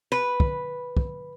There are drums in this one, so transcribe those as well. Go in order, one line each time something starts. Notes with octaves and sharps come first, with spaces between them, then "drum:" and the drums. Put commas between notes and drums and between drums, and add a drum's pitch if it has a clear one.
B4
drum: kick
drum: kick